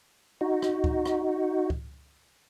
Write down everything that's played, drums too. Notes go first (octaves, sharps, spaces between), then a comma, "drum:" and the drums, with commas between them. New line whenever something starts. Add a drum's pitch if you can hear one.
D#4 F#4
drum: rim click
drum: kick C#2
drum: rim click
drum: kick C#2